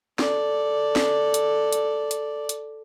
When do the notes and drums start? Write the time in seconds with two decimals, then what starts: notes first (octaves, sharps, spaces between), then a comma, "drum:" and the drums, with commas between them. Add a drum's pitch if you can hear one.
0.19 A4 D5, drum: snare
0.96 drum: snare
1.34 drum: hi-hat
1.72 drum: hi-hat
2.11 drum: hi-hat
2.49 drum: hi-hat